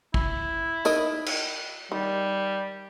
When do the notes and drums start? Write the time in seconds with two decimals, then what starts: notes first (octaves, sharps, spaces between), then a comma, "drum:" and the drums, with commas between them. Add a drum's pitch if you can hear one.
0.14 E4, drum: kick
0.85 D#4 A#4 D#5, drum: tambourine
1.26 drum: cymbal
1.92 D#3 G3